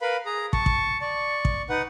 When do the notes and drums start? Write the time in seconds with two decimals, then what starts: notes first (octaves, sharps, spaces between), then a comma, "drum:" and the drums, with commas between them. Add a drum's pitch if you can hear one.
0.01 A#4 B4 F5 B5
0.25 G#4 A#5
0.53 A5 C#6, drum: kick
0.66 drum: kick
1.01 D5 C#6
1.45 drum: kick
1.69 D#4 B4 F#5